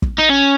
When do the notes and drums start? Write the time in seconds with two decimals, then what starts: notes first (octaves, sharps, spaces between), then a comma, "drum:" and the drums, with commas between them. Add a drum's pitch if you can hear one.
0.02 drum: kick
0.19 D#4
0.30 C#4